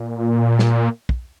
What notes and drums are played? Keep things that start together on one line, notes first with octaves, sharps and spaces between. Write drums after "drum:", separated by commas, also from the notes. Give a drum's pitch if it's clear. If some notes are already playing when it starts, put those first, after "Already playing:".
Already playing: A#2
drum: snare
drum: kick